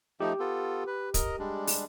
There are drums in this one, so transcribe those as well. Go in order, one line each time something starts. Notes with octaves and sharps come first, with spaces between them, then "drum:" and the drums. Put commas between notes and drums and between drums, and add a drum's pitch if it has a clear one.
F3 A3 D#4 G4
B3 F4 A4
B4
A#4 D#5, drum: kick, hi-hat
G3 G#3 D4
drum: open hi-hat